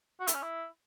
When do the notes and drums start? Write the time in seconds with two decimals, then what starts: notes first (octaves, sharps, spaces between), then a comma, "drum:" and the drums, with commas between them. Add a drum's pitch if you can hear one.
0.20 F#4
0.27 E4, drum: hi-hat
0.34 C#4
0.42 E4